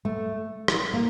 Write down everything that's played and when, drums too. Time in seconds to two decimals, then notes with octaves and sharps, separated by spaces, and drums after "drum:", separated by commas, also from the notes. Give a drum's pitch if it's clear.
0.05 A3
0.68 drum: rim click
0.93 A#3